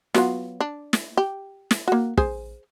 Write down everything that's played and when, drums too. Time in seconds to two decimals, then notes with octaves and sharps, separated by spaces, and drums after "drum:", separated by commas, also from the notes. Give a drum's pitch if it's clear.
0.14 F#3 B3 F4, drum: snare
0.61 D4
0.93 drum: snare
1.17 G4
1.71 drum: snare
1.88 A#3 F#4
2.17 G#4 C5 G#5, drum: kick